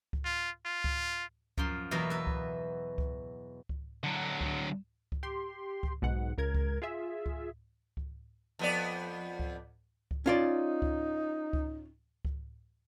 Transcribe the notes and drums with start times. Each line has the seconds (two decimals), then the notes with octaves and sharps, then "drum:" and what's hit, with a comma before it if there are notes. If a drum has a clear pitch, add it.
0.13 drum: kick C#2
0.25 F4
0.65 F4
0.84 drum: kick C#2
1.58 F#2 F3 C6, drum: kick C#2
1.91 E2 B2 F#3 A#3 B4
2.10 B4 E5
2.27 drum: kick C#2
2.98 drum: kick C#2
3.69 drum: kick C#2
4.04 D3 F#3
4.41 drum: kick C#2
5.12 drum: kick C#2
5.23 G4 C6
5.83 drum: kick C#2
6.02 B1 G#2 B2 F#5
6.38 C#2 A#4 G#6
6.54 drum: kick C#2
6.82 F4 G#4 E5
7.26 drum: kick C#2
7.97 drum: kick C#2
8.59 F2 B3 D5
9.40 drum: kick C#2
10.11 drum: kick C#2
10.26 C#4 D#4 F4 D5
10.82 drum: kick C#2
11.53 drum: kick C#2
12.25 drum: kick C#2